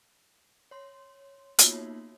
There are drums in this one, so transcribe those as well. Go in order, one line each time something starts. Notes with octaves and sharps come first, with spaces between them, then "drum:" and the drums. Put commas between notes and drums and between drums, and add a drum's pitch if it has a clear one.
C#5 C6
A#3 B3 D#4 F4 F#4 C#5, drum: hi-hat